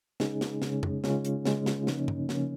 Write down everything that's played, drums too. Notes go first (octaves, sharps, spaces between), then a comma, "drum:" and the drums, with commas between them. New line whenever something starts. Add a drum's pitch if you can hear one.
C#3 G#3 C#4 D#4 G#4, drum: snare
drum: snare
C#3 G#3 C#4, drum: snare
drum: tom
C#3 G#3 C#4 F4, drum: snare
drum: hi-hat
C#3 G#3 C#4, drum: snare
drum: snare
F4
C#3 F3 A#3 C#4 D#4, drum: snare
drum: tom G2
C#3 F3 A#3 C#4, drum: snare